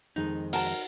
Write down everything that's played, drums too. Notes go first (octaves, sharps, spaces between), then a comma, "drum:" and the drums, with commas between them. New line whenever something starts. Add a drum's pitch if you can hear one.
F2 D#3 G#3 D#4
F#4 A#4 A5, drum: open hi-hat